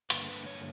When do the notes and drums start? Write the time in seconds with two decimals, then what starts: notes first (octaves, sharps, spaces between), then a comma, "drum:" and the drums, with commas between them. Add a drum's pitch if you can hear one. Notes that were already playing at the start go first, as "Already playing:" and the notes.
0.10 G2 D3 A#3 B4, drum: hi-hat
0.29 B4
0.47 C#5